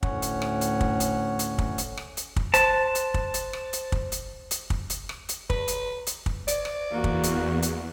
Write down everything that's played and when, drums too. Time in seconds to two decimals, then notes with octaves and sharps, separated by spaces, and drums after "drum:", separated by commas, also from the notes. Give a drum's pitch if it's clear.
0.03 D2 A2 C#4 C#5 F#5, drum: kick
0.22 drum: hi-hat
0.42 drum: rim click
0.61 drum: hi-hat
0.81 drum: kick
1.00 drum: hi-hat
1.39 drum: hi-hat
1.58 drum: kick
1.78 drum: hi-hat
1.97 drum: rim click
2.17 drum: hi-hat
2.36 drum: kick
2.54 C5 A5, drum: hi-hat
2.95 drum: hi-hat
3.14 drum: kick
3.34 drum: hi-hat
3.53 drum: rim click
3.73 drum: hi-hat
3.92 drum: kick
4.12 drum: hi-hat
4.51 drum: hi-hat
4.70 drum: kick
4.90 drum: hi-hat
5.09 drum: rim click
5.29 drum: hi-hat
5.50 B4, drum: kick
5.68 drum: hi-hat
6.07 drum: hi-hat
6.26 drum: kick
6.48 D5, drum: hi-hat
6.65 drum: rim click
6.91 E2 A#3 F#4
7.04 drum: kick
7.23 drum: hi-hat
7.62 drum: hi-hat